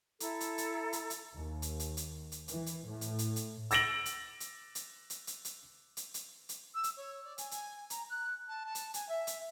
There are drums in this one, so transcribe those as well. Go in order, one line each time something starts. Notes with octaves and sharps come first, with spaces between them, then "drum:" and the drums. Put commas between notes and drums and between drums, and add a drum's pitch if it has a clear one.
E4 A4 A#5, drum: hi-hat
drum: hi-hat
drum: hi-hat
drum: hi-hat
drum: hi-hat
D#2
drum: hi-hat
drum: hi-hat
drum: hi-hat
drum: hi-hat
E3, drum: hi-hat
drum: hi-hat
A2
drum: hi-hat
drum: hi-hat
drum: hi-hat
E6 A6 A#6 D7 F#7, drum: hi-hat
drum: hi-hat
drum: hi-hat
drum: hi-hat
drum: hi-hat
drum: hi-hat
drum: hi-hat
drum: hi-hat
drum: hi-hat
drum: hi-hat
E6
drum: hi-hat
C#5
D5
G#5, drum: hi-hat
G#5, drum: hi-hat
A#5, drum: hi-hat
F#6
A5
A5
drum: hi-hat
G#5, drum: hi-hat
E5
drum: hi-hat